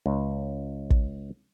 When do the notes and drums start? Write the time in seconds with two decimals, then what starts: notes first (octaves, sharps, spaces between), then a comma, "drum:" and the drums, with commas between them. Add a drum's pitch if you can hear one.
0.06 C#2
0.90 drum: kick